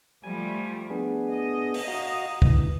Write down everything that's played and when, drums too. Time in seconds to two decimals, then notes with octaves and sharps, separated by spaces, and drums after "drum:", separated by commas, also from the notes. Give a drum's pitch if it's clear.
0.24 F3 G3 A3 G#5
0.90 B3 D4 G#4
1.30 D#5
1.74 drum: open hi-hat
1.88 F#4 F5 A#5
2.42 D2 G2 E3, drum: kick